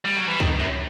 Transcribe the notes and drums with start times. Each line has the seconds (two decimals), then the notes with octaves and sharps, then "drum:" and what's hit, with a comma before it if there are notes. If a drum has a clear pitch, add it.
0.05 G3
0.17 F#3
0.28 E3
0.40 D#3, drum: kick
0.59 F#2